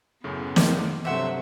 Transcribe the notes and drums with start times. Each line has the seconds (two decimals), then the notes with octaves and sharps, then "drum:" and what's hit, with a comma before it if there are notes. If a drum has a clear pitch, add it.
0.24 F#2 A2 C#3 B3
0.56 D#3 D5 F5, drum: snare
1.05 G2 C3 F#3 A3 C5 E5 F#5 C6